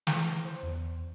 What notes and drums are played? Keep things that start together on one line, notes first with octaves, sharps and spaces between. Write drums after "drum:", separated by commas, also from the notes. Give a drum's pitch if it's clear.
E3, drum: snare
C5
E2